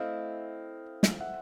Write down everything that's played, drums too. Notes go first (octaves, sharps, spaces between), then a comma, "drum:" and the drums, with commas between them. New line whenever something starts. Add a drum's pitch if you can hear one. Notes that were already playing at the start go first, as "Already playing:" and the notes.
Already playing: A3 C4 E4 D#5 F5
drum: snare
E5 F#5